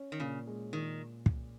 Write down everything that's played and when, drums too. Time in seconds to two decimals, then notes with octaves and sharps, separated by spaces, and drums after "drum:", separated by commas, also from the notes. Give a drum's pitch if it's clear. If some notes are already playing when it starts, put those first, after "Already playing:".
Already playing: C#4
0.12 D#3
0.20 A#2 C#3
0.47 G#3
0.73 A#2 D#3
1.26 drum: kick